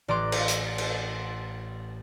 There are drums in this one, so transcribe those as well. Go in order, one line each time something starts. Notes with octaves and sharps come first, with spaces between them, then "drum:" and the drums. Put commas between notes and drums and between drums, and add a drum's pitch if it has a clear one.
A1 D5 A#5 C6 D6 F#6
drum: cymbal
drum: hi-hat
drum: cymbal